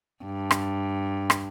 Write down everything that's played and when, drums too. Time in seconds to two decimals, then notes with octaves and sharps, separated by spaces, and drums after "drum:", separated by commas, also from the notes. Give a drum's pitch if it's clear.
0.24 G2
0.51 drum: rim click
1.30 drum: rim click